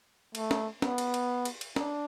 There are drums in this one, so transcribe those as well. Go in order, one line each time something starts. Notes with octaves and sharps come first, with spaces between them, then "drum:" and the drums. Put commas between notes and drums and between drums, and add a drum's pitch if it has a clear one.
A3, drum: cymbal
drum: snare
B3, drum: snare
drum: cymbal
drum: cymbal
drum: cymbal
drum: cymbal
D4, drum: snare